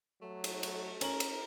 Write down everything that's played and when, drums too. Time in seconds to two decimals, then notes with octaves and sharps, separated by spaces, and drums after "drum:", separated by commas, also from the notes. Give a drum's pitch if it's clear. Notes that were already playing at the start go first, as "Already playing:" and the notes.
0.22 F#3 A3
0.44 drum: cymbal
0.63 drum: cymbal
1.01 C#4 A#4 F#7, drum: cymbal
1.20 drum: cymbal